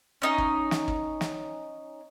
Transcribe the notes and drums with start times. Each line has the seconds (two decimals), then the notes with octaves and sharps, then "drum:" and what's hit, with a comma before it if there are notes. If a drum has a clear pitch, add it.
0.22 C#4 D#4
0.38 drum: kick
0.71 drum: snare
0.88 drum: kick
1.21 drum: snare